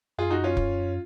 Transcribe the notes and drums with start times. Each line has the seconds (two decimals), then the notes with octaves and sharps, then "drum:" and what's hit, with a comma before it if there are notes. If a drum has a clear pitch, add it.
0.18 F#2 F4 G#4
0.30 D#4 F#4
0.44 C#4 F4
0.57 drum: kick